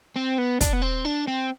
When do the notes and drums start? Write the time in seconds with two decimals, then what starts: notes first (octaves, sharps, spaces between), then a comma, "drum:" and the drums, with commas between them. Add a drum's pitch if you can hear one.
0.16 C4
0.38 B3
0.61 D4, drum: kick, hi-hat
0.73 B3
0.82 C4
1.05 D4
1.27 C4